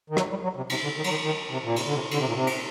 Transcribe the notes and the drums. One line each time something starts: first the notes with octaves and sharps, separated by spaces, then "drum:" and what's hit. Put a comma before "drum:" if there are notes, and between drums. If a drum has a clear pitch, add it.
D#3
F#3, drum: rim click
G3
F#3
C3
C3, drum: cymbal
D3
D#3
F#3, drum: cymbal
D#3
D#3
C3
A#2
C3, drum: cymbal
D3
C3
D3, drum: cymbal
C3
A#2
C3
drum: cymbal